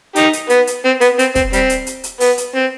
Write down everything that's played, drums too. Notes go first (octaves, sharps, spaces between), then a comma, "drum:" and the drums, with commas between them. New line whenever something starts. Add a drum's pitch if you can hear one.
D#4 G4, drum: hi-hat
drum: hi-hat
B3, drum: hi-hat
drum: hi-hat
C4
B3, drum: hi-hat
C4, drum: hi-hat
C4, drum: kick, hi-hat
G3 C4, drum: hi-hat
drum: hi-hat
drum: hi-hat
drum: hi-hat
B3, drum: open hi-hat
drum: hi-hat
C4